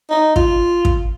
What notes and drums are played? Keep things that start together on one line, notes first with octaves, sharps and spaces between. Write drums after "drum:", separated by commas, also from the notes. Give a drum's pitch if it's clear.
D#4
F4, drum: kick
drum: kick